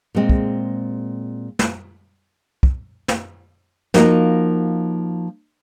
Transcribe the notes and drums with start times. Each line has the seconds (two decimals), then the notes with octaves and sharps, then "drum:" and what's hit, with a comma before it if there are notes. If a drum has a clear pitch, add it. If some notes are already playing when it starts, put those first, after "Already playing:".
0.15 A#2 G#3 C4
0.29 drum: kick
1.59 drum: snare
2.63 drum: kick
3.08 drum: snare
3.94 F3 A#3 D#4 F#4 A#4, drum: snare